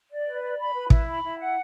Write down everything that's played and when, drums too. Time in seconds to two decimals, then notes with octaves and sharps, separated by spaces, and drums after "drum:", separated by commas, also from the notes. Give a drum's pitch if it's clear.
0.10 D5
0.25 B4
0.42 D5
0.59 B5
0.74 B4
0.90 E4, drum: kick
1.07 B5
1.24 E4
1.40 F#5